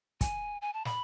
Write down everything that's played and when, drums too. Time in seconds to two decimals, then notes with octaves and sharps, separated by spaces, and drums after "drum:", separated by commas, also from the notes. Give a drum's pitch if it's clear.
0.21 G#5, drum: kick, hi-hat
0.62 G#5
0.73 A5
0.85 B5, drum: snare